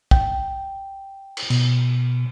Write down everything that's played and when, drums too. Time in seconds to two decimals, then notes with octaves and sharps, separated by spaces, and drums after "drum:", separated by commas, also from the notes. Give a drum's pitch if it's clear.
0.11 G5, drum: kick
1.37 drum: cymbal
1.50 B2, drum: cymbal